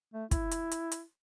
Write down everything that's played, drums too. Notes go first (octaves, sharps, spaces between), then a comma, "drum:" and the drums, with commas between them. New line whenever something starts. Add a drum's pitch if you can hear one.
A3
E4, drum: kick, hi-hat
drum: hi-hat
drum: hi-hat
drum: hi-hat